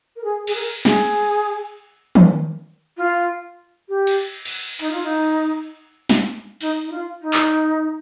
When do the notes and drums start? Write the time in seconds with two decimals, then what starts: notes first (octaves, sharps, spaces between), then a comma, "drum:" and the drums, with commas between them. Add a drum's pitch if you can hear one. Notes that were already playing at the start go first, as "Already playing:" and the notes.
0.16 A#4
0.24 G#4
0.47 G#4, drum: cymbal
0.55 A#4
0.85 G#4, drum: snare
2.15 drum: tom D#3
2.97 F4
3.88 G4
4.07 drum: cymbal
4.45 drum: cymbal
4.79 D#4, drum: hi-hat
4.90 F4
5.03 D#4
6.10 drum: snare
6.61 D#4, drum: open hi-hat
6.85 D#4
6.91 F4
7.21 D#4
7.33 drum: clap